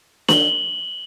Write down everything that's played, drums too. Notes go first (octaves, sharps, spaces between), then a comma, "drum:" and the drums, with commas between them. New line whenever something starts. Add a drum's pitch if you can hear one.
F#7 G7, drum: snare